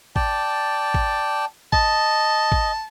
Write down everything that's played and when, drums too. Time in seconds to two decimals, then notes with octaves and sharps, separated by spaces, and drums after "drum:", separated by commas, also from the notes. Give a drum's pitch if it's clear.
0.16 D5 G5 A5, drum: kick
0.94 drum: kick
1.73 D#5 A5, drum: kick
2.52 drum: kick